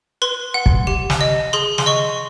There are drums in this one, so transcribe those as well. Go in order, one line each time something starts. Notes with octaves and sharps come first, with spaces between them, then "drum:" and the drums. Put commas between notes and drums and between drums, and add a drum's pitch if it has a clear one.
B4 C6
F#5
drum: kick
G4
drum: snare
D#5
G#4 C6
C6, drum: snare
D#5 C#6